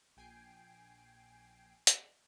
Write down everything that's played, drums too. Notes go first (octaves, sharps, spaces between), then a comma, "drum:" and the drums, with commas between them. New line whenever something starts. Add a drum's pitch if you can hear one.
A#1 G5 G#5 C7 D7
drum: hi-hat